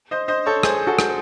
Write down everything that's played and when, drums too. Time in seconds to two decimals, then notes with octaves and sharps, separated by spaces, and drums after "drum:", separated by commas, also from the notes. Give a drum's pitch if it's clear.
0.11 C5 D#5
0.28 C5 D#5
0.46 A4 C#5
0.63 G#4 C5, drum: rim click
0.87 F#4 A4
0.99 drum: rim click